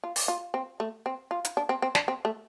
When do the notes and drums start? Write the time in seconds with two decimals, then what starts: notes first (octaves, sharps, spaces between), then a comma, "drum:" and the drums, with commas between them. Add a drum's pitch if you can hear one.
0.04 F4
0.16 drum: open hi-hat
0.28 F4
0.54 C4
0.80 A3
1.06 C4
1.31 F4
1.45 drum: hi-hat
1.57 D4
1.69 C4
1.82 C4
1.95 D4, drum: snare
2.08 C4
2.25 A3